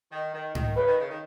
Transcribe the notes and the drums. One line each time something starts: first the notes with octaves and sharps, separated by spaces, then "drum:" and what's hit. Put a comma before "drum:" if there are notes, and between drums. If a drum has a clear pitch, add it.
D#3
D#3
D#3, drum: tom G#2
C#3 B4
D#3
C#3
D#3